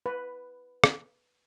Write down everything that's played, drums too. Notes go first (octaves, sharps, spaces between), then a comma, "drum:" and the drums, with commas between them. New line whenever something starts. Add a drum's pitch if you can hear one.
B4
drum: rim click